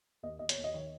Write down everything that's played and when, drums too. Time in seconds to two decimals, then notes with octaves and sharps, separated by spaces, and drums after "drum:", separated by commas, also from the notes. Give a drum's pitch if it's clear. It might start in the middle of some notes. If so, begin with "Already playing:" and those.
0.23 D#2 D#5
0.39 D#2 D#5
0.49 C#5, drum: hi-hat
0.57 D#2
0.64 D#5
0.74 D#3 C#5